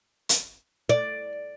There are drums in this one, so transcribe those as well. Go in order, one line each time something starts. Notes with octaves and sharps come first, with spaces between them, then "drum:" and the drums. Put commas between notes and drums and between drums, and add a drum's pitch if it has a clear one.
drum: hi-hat
D5